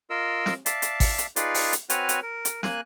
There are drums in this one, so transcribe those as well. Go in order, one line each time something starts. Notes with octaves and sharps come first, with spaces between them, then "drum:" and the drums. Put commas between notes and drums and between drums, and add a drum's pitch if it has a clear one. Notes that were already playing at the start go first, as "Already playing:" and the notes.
F4 A#4 D#5 E6
drum: snare
D5 E5 F5 A5, drum: hi-hat
drum: hi-hat
drum: kick G#1, open hi-hat
drum: hi-hat
D#4 F4 G#4 B4 D5, drum: hi-hat
drum: open hi-hat
drum: hi-hat
C4 F#4 B4 C#5 G#5 F6, drum: hi-hat
drum: hi-hat
A#4
drum: hi-hat
A#3 G#5 F#6, drum: snare